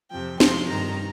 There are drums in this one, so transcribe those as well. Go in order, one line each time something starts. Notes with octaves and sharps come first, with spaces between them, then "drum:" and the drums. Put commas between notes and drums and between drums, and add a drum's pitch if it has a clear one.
F2 C3 F3 G5
F2 C3 F3 C6, drum: snare
G2 D#3 A#5